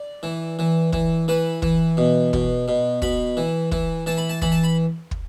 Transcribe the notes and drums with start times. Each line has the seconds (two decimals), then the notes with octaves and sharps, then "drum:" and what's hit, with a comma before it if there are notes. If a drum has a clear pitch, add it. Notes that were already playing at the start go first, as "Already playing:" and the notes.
Already playing: D5
0.23 E3
0.59 E3
0.93 E3, drum: kick
1.28 E3 B4
1.62 E3, drum: kick
1.97 B2
2.33 B2, drum: kick
2.68 B2
3.02 B2 B5, drum: kick
3.37 E3
3.72 E3, drum: kick
4.06 E3 A5
4.18 B5
4.29 A5
4.42 E3 B5, drum: kick
4.52 A5
4.64 B5
5.11 drum: kick